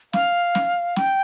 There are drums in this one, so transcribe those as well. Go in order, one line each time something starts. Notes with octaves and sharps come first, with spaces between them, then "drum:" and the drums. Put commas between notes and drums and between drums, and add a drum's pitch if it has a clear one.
F5, drum: snare
drum: snare
G5, drum: snare